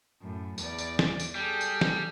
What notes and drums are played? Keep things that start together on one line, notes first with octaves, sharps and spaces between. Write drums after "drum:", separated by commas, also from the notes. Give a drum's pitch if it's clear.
F#2 A2
E2 D5, drum: tambourine
drum: tambourine
drum: snare
drum: tambourine
G3 G#4 A4
drum: tambourine
drum: snare